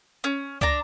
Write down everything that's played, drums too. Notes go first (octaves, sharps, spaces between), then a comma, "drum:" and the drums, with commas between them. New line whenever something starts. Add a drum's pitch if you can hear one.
C#4
D4 A#5, drum: kick